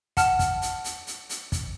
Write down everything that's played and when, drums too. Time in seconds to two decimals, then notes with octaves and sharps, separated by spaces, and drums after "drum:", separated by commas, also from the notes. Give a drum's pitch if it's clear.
0.17 F#5 A5 F6, drum: kick, hi-hat
0.39 drum: kick, hi-hat
0.62 drum: hi-hat
0.84 drum: hi-hat
1.07 drum: hi-hat
1.29 drum: hi-hat
1.52 drum: kick, hi-hat